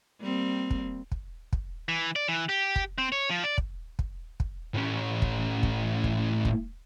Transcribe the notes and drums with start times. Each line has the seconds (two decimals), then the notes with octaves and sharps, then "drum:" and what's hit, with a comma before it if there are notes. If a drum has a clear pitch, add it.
0.21 G3 A#3 C4
0.70 drum: kick
1.12 drum: kick
1.53 drum: kick
1.89 E3
2.16 D5
2.28 E3
2.49 G4
2.76 drum: kick
2.98 C4
3.12 C#5
3.30 F3
3.44 D5
3.58 drum: kick
3.99 drum: kick
4.40 drum: kick
4.74 A2 C#4
5.22 drum: kick
5.63 drum: kick
6.04 drum: kick
6.45 drum: kick